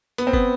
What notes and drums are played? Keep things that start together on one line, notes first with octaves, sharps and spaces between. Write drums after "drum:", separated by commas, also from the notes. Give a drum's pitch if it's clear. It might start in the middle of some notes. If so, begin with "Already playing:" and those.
B3, drum: hi-hat
C4
B3, drum: kick